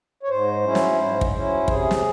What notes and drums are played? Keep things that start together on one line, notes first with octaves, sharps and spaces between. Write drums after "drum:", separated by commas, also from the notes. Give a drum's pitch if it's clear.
C#5
G#2 C5
F#3 C#4 E4
drum: snare
G#2
drum: kick
F#3 C#4 E4
C3 G#4, drum: kick
drum: snare